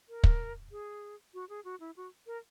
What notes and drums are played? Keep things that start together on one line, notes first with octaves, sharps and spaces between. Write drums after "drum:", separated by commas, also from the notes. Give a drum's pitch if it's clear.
A#4
drum: kick
G#4
F#4
G#4
F#4
E4
F#4
A#4